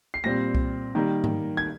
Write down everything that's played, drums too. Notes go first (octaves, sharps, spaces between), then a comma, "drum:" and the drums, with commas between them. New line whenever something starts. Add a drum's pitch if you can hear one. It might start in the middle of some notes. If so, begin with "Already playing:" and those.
C7
A#2 G3 C4 A#6
drum: kick C2
D#3 G3 A#3
drum: tom G#2
G#6